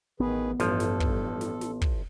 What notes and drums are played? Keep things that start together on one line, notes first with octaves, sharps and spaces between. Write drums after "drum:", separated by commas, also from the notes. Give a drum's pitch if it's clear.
A1 D#3 B3 G#4 B4
A1 G2 F3 A4, drum: snare
drum: snare
drum: kick
drum: snare
drum: snare
drum: kick